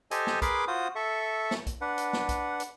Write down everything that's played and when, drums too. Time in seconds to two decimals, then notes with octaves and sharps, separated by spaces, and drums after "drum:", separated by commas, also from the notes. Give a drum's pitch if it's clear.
0.11 G4 A4 C5 D#5 G#5, drum: hi-hat
0.27 drum: snare
0.42 G#4 A#4 B4 B5 C6 D6, drum: kick B1, hi-hat
0.68 F4 F#4 C5 D#6
0.95 A4 E5 C#6
1.51 drum: snare
1.67 drum: kick B1, hi-hat
1.81 D4 B4 F#5
1.98 drum: hi-hat
2.13 drum: snare
2.29 drum: kick B1, hi-hat
2.60 drum: hi-hat